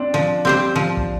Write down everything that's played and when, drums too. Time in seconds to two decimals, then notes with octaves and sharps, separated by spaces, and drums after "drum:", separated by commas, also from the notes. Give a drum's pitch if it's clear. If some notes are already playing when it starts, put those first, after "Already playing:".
Already playing: C4 D4
0.14 F3
0.45 C4 G4 C5
0.76 F3
0.97 drum: kick